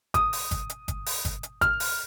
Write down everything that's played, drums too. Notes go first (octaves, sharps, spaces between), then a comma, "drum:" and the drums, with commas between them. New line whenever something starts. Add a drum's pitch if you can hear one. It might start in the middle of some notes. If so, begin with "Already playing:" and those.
D#6, drum: kick G1, hi-hat
drum: open hi-hat
drum: kick G1, hi-hat
drum: hi-hat
drum: kick G1, hi-hat
drum: open hi-hat
drum: kick G1, hi-hat
drum: hi-hat
F6, drum: kick G1, hi-hat
drum: open hi-hat